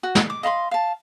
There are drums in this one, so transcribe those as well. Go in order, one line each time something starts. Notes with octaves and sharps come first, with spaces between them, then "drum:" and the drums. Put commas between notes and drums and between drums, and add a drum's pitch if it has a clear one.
F#4
drum: snare
D6
D#5 F5 B5 C6
F5 A5